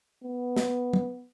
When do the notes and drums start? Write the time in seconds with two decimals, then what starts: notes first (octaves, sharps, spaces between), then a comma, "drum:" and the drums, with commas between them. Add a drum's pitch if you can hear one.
0.24 B3
0.56 drum: snare
0.93 drum: tom